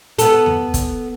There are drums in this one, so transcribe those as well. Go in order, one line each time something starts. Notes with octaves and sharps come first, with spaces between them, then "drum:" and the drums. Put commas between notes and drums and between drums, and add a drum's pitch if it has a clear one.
B3 A4, drum: hi-hat
drum: tom E2
drum: kick, hi-hat